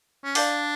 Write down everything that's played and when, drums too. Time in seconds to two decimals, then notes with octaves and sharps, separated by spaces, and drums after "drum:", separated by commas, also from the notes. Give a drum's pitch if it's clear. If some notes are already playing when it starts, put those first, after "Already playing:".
0.25 C#4
0.35 D4 D5 F5 A5 D6 G6, drum: open hi-hat